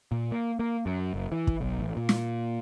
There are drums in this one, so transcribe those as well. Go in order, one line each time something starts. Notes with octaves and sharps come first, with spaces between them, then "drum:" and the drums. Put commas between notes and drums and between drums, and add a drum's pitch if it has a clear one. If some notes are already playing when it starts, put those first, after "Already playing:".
A#2
A#3
A#3
F#2
F#1
E3
drum: kick
B1
A1
A#2
drum: snare